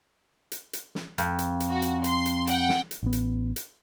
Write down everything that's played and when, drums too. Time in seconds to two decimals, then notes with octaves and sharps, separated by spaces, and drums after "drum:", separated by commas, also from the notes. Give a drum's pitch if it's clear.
0.52 drum: hi-hat
0.73 drum: hi-hat
0.95 drum: snare
1.18 F2, drum: hi-hat
1.39 drum: hi-hat
1.60 drum: hi-hat
1.70 F#4
1.82 drum: hi-hat
2.04 C6, drum: hi-hat
2.26 drum: hi-hat
2.47 F#5 G5, drum: hi-hat
2.69 drum: snare
2.91 drum: hi-hat
3.03 A1 B3
3.13 drum: hi-hat
3.56 drum: hi-hat